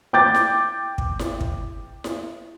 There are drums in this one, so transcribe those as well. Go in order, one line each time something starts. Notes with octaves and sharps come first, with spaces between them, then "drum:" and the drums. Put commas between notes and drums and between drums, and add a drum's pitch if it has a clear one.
G5 D6 G6 A6
drum: snare E4
drum: kick
drum: snare E4
drum: kick
drum: snare E4